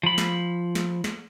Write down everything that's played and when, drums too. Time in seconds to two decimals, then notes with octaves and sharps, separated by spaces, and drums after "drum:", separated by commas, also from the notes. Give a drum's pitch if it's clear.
0.03 F3 B5
0.18 drum: snare
0.75 drum: snare
1.04 drum: snare